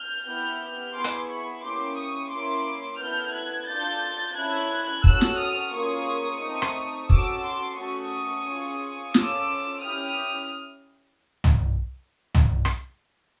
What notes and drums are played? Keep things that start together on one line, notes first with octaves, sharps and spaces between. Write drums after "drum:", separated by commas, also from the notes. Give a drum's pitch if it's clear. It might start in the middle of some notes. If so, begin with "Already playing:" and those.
Already playing: F6 G6
B3 E4 G4
B3 E4 G#4 C6 D6
drum: hi-hat
B5 C#6
A#3 C#4 E4 G4 C6 D6
C#6 D#6
A#3 C#4 E4 C6 D6
B3 E4 A4 F6 G6
F#6 G#6
D4 F4 A4 G6 A6
C#4 E4 A4 F#6 G#6
C#4 F#4 A4 E6 F#6, drum: kick
drum: snare
D#6 F6
A#3 C#4 F4 G#4 C#6 D#6
A3 C4 D#4
drum: rim click
C#4 F#4 A4 D6 E6, drum: kick
C6 D6
A3 C#4 F#4 A4 C#6 D#6
C#4 F4 G#4
C#4 F4 A4 D6 E6, drum: snare
C#4 E4 G4 D#6 F6
drum: tom
drum: tom
drum: rim click